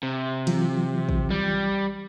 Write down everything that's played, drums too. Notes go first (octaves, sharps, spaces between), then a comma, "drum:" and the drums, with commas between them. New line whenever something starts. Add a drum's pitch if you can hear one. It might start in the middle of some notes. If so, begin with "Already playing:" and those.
C3
E3 F#3 F4, drum: cymbal
drum: kick
G3